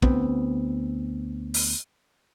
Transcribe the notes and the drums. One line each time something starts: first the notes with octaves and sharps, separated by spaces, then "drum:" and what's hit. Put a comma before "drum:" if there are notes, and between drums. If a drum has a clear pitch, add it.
D2 B3 C4, drum: kick
drum: open hi-hat